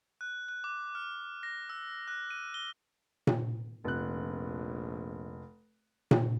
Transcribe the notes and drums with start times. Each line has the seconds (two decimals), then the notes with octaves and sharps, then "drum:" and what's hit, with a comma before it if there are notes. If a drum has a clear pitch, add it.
0.21 F#6
0.48 F#6
0.64 D6
0.95 F6
1.43 A#6
1.70 E6
2.08 F#6
2.30 D#7
2.54 G7
3.27 drum: tom A#2
3.84 F1 A#1 F#6
6.11 drum: tom A#2